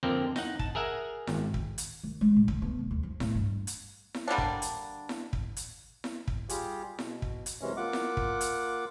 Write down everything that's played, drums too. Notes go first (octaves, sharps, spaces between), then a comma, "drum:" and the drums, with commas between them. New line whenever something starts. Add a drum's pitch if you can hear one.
F2 D3 A#3 C4 A#4
D#4 F#5, drum: snare E4
A5, drum: kick
G#4 A#4 E5 F#5 G#5 A#5
G#1, drum: snare E4
drum: kick
drum: hi-hat
D#3
G#3
A2
D3, drum: kick
B3
F1
D#2
F3
A2, drum: snare E4
G2
drum: hi-hat
drum: snare E4
D3 G3 A#3 D4
drum: kick
drum: hi-hat
drum: snare E4
drum: kick
drum: hi-hat
drum: snare E4
drum: kick
G3 F4 G4 G#4, drum: hi-hat
B2, drum: snare E4
drum: kick
drum: hi-hat
F#2 C3 E3 G#3 C#4
A#3 F4 F#5 D6
drum: snare E4
drum: kick
drum: hi-hat